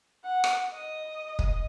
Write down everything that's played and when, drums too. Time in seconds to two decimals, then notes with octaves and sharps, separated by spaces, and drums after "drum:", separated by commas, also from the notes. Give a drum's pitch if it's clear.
0.25 F#5
0.44 drum: rim click
0.74 D#5
1.39 drum: kick